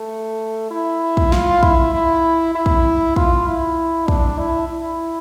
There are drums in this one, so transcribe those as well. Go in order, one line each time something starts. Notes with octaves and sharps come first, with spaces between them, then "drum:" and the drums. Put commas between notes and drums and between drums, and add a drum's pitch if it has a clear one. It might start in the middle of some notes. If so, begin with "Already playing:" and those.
Already playing: A3
E4
drum: kick
F4, drum: snare
E4, drum: kick
E4
E4
drum: kick
F4, drum: kick
E4
D4, drum: kick
E4
E4